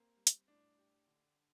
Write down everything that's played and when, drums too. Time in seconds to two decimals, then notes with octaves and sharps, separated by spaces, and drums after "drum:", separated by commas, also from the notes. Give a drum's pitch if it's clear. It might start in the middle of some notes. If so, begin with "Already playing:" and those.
Already playing: A#3 C4 G4
0.17 G3
0.27 drum: hi-hat
0.48 A2 D4
0.78 G4
1.08 D3